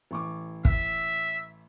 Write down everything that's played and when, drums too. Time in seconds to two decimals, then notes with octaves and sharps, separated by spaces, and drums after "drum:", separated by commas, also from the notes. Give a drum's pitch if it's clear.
0.11 A1 C#6 D6
0.65 E5, drum: kick